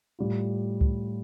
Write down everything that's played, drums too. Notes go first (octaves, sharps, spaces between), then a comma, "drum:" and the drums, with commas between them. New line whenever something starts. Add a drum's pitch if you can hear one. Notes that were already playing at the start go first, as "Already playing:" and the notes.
A2 G3 F4
drum: kick C#2